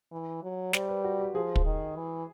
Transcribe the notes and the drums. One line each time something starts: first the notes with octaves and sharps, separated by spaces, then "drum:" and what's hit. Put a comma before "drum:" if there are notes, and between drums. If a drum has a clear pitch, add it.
E3
F#3
G3 C5, drum: snare
B4
F#4
G4
F3 G#4
drum: kick
D#3
E3